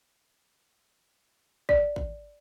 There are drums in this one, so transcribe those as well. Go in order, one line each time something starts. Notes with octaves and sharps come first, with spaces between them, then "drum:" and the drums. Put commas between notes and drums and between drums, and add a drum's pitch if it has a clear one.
D5, drum: kick
drum: kick